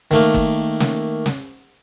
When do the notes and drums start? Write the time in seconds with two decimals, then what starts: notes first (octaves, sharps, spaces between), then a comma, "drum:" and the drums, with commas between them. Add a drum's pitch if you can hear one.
0.11 D#3 A3 A#3
0.34 drum: kick
0.80 drum: snare
1.26 drum: snare